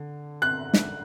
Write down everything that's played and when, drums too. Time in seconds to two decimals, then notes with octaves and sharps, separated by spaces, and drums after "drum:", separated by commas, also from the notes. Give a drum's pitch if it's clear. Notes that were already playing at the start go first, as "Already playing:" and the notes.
Already playing: D3
0.42 F#6
0.74 drum: snare